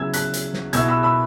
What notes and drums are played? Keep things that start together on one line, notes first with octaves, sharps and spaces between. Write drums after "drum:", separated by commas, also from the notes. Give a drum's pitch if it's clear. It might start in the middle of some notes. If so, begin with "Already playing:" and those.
Already playing: C#3 F#3 B3 E4 E6 G#6
F#6 B6, drum: hi-hat
drum: hi-hat
drum: snare
B2 B3 E4 E6 G#6, drum: hi-hat
B5 E6
B5 E6